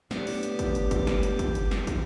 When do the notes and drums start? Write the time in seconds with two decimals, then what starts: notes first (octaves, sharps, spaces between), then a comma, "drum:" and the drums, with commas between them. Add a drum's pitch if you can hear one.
0.11 A2 B3 D4 G4, drum: snare
0.27 drum: open hi-hat
0.43 drum: hi-hat
0.59 drum: kick, hi-hat
0.75 drum: hi-hat
0.91 drum: kick, hi-hat
1.07 drum: snare
1.23 drum: hi-hat
1.39 drum: kick, hi-hat
1.55 drum: hi-hat
1.71 drum: snare
1.87 drum: kick, hi-hat